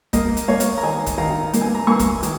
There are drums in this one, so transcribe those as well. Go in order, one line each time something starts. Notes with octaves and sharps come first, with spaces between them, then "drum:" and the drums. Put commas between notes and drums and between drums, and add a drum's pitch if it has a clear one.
A#3 A#4 D#5, drum: kick, hi-hat
drum: hi-hat
A#3 C#5 F5
drum: hi-hat
A#5
D#3 D#5 G#5
drum: kick, hi-hat
D#3 F5 A#5
A#3, drum: hi-hat
G#5
A#5
A#3 G#5 C#6
drum: kick, hi-hat
D#3, drum: hi-hat